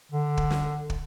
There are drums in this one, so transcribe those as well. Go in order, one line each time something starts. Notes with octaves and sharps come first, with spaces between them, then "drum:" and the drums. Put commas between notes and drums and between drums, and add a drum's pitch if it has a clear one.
D3
drum: kick
drum: snare
drum: kick